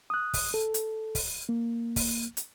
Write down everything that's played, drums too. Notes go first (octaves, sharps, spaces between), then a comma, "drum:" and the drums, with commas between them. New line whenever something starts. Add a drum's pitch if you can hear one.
D#6 F#6
drum: kick, open hi-hat
A4
drum: hi-hat
drum: kick, open hi-hat
A#3
drum: kick, open hi-hat
drum: hi-hat